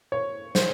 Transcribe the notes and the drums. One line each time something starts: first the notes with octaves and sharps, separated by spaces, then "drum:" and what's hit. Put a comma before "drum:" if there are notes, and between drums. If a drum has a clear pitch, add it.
C#5
C5, drum: snare